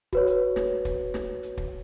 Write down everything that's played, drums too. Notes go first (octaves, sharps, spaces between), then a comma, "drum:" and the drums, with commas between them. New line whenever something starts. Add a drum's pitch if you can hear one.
F#4 B4 C#5, drum: kick
drum: hi-hat
drum: snare
drum: kick, hi-hat
drum: snare
drum: hi-hat
drum: kick